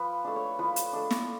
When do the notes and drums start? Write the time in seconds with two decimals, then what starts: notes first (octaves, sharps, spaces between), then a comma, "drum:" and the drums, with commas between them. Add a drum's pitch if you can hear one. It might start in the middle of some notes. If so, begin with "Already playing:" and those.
Already playing: F3 B4
0.24 A3 D4
0.36 C#5
0.59 F3 B4
0.76 drum: hi-hat
0.93 A3 D4
1.11 drum: snare